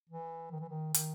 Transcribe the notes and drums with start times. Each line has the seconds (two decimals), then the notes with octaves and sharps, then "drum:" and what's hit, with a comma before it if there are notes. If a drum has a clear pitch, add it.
0.10 E3
0.52 D#3
0.61 E3
0.69 D#3
0.94 D#3, drum: hi-hat